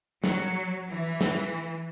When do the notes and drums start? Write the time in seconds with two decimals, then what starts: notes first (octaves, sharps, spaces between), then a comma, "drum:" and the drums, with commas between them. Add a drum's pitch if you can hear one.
0.24 F#3, drum: snare
0.91 E3
1.21 drum: snare